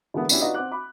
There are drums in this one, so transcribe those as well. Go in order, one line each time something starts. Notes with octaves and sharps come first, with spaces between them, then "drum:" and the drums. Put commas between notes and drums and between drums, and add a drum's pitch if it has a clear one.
D3 E3 G#3 A#3 B3 E4
B3 C#4 D4 E4 G4, drum: tambourine
D#4 F4 F#4 B4 D5 D#5
C4 F#5 D6 F#6
B5 D6